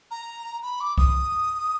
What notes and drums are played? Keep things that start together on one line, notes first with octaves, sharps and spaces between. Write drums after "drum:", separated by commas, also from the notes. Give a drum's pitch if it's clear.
A#5
B5
D6
D#6, drum: kick C2